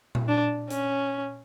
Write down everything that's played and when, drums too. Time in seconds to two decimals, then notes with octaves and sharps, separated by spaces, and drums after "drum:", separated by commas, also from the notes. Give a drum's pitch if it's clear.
0.15 drum: tom A#2
0.28 D4
0.70 C#4, drum: hi-hat